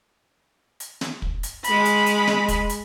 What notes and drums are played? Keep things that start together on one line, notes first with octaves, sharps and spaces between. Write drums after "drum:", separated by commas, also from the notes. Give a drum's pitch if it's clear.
drum: hi-hat
drum: snare
drum: kick
drum: hi-hat
G#3 B5, drum: hi-hat
drum: hi-hat
drum: hi-hat
drum: snare
drum: kick, hi-hat
drum: hi-hat